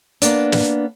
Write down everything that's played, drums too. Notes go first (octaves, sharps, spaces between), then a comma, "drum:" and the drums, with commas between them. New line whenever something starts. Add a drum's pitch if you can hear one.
A#3 B3 D4, drum: hi-hat
drum: snare